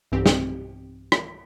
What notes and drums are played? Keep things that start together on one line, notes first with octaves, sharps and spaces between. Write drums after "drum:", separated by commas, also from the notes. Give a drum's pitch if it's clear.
B1 G2 E3 C4 G4
drum: snare
drum: rim click